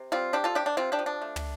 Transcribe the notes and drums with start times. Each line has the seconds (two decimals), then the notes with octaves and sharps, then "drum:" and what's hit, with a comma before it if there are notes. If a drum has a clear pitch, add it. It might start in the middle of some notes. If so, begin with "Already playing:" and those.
Already playing: C3
0.12 G3 C4 F4
0.33 C3 D4 G4
0.44 F4 A4
0.55 C3 D4 G4
0.66 D4
0.77 C3 C4 F4
0.92 D4 G4
0.99 F3
1.06 D4
1.22 A3
1.36 drum: tom